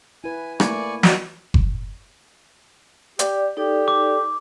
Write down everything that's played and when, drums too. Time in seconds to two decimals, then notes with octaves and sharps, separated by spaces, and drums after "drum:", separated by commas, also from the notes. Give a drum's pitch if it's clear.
0.24 E4 B4 G#5
0.60 A3 A#3 E4 D5 G#5 C#6, drum: rim click
1.03 G2 B2 F#3 D5 A5, drum: snare
1.54 drum: kick F#1
3.19 G4 D5, drum: hi-hat
3.57 D#4 G4 A4 D5
3.88 D6